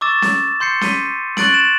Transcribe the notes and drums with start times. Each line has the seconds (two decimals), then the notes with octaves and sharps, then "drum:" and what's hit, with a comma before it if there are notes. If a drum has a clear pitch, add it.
0.01 C#6 D6 E6 A6 E7
0.22 drum: snare C#4
0.60 C6 G6 C7 C#7
0.81 B6 D#7 G7, drum: snare C#4
1.37 C#6 F#6 A6 D7 F#7, drum: snare C#4
1.54 E7